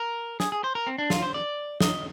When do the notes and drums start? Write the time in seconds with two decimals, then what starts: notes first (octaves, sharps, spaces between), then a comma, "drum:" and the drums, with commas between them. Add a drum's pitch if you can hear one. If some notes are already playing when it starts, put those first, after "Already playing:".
Already playing: A#4
0.40 G#4, drum: snare
0.52 G#4
0.64 C5
0.75 A#4
0.87 C4
0.98 D4
1.10 F4, drum: snare
1.22 C5
1.34 D5
1.81 D#5, drum: snare